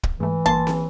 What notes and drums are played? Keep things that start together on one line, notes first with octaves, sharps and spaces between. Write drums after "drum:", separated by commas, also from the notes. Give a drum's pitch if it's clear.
drum: kick
G#2 E3 A3
G1 A#3 A5 C6
drum: snare C4